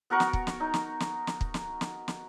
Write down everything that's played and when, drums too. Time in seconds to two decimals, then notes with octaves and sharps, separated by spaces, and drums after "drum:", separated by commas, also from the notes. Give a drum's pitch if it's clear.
0.10 B3 F#4 A#4 C#6
0.20 drum: snare
0.33 drum: kick
0.47 drum: snare
0.60 D#4
0.74 drum: snare
1.00 drum: snare
1.27 drum: snare
1.41 drum: kick
1.54 drum: snare
1.81 drum: snare
2.08 drum: snare